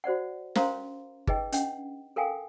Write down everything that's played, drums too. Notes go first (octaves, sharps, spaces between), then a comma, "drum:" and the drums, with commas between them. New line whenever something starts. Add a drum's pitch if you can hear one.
F#4 C5 D5 F#5
C#4 A#4 C5 F5 A#5 C6, drum: snare
D#4 G#4 B4 D#5 G5, drum: kick G1
C#4 D4 D#5 F#5 G5, drum: hi-hat
A4 A#4 F5 G5 G#5